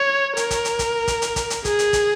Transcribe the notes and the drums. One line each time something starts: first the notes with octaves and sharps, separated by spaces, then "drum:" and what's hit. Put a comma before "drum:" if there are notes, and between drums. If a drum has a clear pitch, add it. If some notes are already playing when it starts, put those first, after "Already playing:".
Already playing: C#5
A#4, drum: hi-hat
drum: kick, hi-hat
drum: hi-hat
drum: kick, hi-hat
drum: kick, hi-hat
drum: hi-hat
drum: kick, hi-hat
drum: hi-hat
G#4, drum: kick, hi-hat
drum: hi-hat
drum: kick, hi-hat